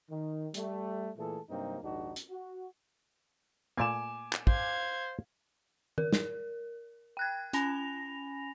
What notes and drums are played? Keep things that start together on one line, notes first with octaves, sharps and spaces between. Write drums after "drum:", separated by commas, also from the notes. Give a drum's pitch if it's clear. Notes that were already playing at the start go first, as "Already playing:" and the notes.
D#3
G3 A3, drum: hi-hat
A#2 E3 A3 G#4 A4
G2 C3 F#3 A#3 C4 D#4
A#1 D#2 G#2 D4 D#4 F#4
drum: hi-hat
F#4
A#2 A3 A#3 G#5 D6 E7
drum: clap
C5 F5 G#6, drum: kick
A#4, drum: tom D#3
drum: snare
G5 F#6 G#6
C#4 G#5 B5 A#6 F7, drum: hi-hat